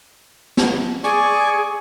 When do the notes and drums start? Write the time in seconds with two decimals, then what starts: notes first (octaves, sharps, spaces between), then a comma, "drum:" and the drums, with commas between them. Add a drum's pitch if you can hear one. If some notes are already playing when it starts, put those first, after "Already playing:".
0.57 drum: snare
1.04 G#4 D5 G#5 C#6